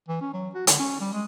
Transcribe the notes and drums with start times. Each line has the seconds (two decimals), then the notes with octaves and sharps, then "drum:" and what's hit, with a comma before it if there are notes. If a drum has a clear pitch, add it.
0.09 E3
0.21 C#4
0.34 F#3
0.55 F#4
0.67 D3, drum: hi-hat
0.79 C#4
1.01 G3
1.13 G#3